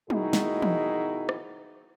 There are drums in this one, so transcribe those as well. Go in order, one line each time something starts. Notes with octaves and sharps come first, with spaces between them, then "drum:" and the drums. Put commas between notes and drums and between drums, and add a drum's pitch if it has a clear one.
B2 D#3 D#4 E4 F#4 G#4, drum: tom F#3
drum: snare
drum: tom E3
drum: rim click